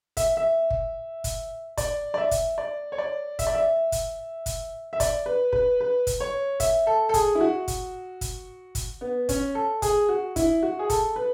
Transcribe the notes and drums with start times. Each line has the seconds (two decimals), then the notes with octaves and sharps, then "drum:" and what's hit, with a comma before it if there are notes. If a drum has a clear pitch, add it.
0.17 E5, drum: kick, hi-hat
0.37 E5
0.70 drum: kick
1.24 drum: kick, hi-hat
1.77 D5, drum: kick, hi-hat
2.14 D5
2.18 E5
2.31 drum: kick, hi-hat
2.58 D5
2.92 C#5
2.98 D5
3.39 E5, drum: kick, hi-hat
3.47 D5
3.55 E5
3.92 drum: kick, hi-hat
4.46 drum: kick, hi-hat
4.93 E5
5.00 D5, drum: kick, hi-hat
5.26 B4
5.52 B4, drum: kick
5.81 B4
6.07 drum: kick, hi-hat
6.20 C#5
6.60 E5, drum: kick, hi-hat
6.87 A4
7.09 A4
7.14 G#4, drum: kick, hi-hat
7.35 E4
7.41 F#4
7.68 drum: kick, hi-hat
8.21 drum: kick, hi-hat
8.75 drum: kick, hi-hat
9.01 B3
9.29 C#4, drum: kick, hi-hat
9.55 A4
9.82 G#4, drum: kick, hi-hat
10.09 F#4
10.36 E4, drum: kick, hi-hat
10.63 F#4
10.79 G#4
10.90 A4, drum: kick, hi-hat
11.16 B4